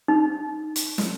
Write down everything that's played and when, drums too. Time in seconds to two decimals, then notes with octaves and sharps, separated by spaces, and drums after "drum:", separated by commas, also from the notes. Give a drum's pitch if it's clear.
0.08 D#4
0.76 drum: hi-hat
0.98 drum: snare